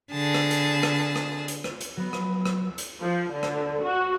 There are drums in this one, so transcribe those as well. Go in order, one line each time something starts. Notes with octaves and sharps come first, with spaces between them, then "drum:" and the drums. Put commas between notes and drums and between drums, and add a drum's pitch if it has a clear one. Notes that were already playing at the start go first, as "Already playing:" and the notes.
D3 G#4 A5
drum: rim click
drum: hi-hat
drum: rim click
drum: rim click
drum: hi-hat
drum: rim click
drum: hi-hat
F#3 B3
drum: rim click
drum: rim click
drum: hi-hat
F3
D3
drum: rim click
F#4